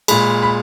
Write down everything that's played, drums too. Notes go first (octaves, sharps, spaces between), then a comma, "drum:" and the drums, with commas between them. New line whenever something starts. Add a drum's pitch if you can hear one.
A#2 G#3 B5, drum: cymbal
B5